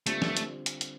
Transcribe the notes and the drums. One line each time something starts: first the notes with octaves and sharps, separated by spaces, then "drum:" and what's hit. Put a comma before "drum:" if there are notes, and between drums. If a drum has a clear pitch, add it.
D3 G3 A3 C4 F4, drum: hi-hat
drum: snare
drum: hi-hat
drum: hi-hat
drum: hi-hat